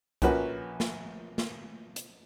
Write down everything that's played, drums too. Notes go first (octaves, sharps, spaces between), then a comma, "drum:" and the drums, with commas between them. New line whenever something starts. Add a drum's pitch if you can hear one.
A#1 F3 A#3 C#4 F#4 B4, drum: kick C2, hi-hat
drum: snare
drum: snare
drum: hi-hat